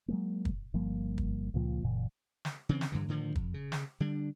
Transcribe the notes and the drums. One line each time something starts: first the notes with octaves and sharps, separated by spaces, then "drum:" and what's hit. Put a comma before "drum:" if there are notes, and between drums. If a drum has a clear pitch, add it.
F#3 G#3 A#3
drum: kick
G1 F3 G3 A#3
drum: kick
C#2 A#2 F3
F#1 A#2 E3
drum: snare
C#3 E3 C4
drum: snare
G2 D3 E3
A2 D3 D#3 F3
F2, drum: kick
C#3
drum: snare
D3 G3 D4